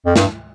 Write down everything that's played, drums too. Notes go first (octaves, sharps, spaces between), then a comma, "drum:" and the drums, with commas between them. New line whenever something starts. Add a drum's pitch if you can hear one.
F2
G2, drum: snare